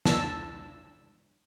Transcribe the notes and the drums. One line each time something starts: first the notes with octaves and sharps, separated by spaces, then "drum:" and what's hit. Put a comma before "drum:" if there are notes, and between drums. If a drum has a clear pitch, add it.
A5 E6, drum: snare